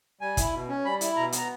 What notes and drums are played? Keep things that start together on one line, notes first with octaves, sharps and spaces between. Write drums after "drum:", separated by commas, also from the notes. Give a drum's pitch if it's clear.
G3 G#5
E4, drum: kick, hi-hat
B2
C#4
G3 B5
E4, drum: hi-hat
B2 A#5
B3, drum: hi-hat
A#5